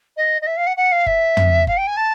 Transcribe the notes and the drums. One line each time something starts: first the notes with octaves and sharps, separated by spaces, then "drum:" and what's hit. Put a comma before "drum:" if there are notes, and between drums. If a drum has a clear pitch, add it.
D#5
D#5
E5
F5
F#5
F#5
F5
E5, drum: kick F#1
drum: tom
F5, drum: kick F#1
G5
G#5
A5